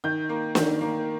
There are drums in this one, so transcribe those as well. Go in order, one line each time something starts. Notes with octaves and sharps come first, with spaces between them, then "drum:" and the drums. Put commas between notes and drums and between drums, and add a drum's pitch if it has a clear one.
D#3 G6
A#3
D#3, drum: snare
A#3